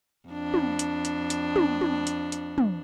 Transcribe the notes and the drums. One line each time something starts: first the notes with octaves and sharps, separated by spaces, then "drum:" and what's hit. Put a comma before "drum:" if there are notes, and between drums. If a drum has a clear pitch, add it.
F2 D4
drum: tom
drum: hi-hat
drum: hi-hat
drum: hi-hat
drum: tom
drum: tom
drum: hi-hat
drum: hi-hat
drum: tom